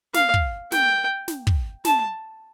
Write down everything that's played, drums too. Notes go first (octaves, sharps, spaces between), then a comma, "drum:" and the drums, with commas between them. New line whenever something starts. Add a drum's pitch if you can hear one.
F5, drum: snare
drum: kick
G5, drum: snare
drum: snare
drum: kick
A5, drum: snare